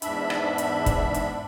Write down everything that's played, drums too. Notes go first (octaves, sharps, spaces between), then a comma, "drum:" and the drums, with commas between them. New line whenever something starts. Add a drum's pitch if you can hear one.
E2 G#2 D4 E5 B5, drum: hi-hat
drum: rim click
drum: hi-hat
drum: kick, hi-hat
drum: hi-hat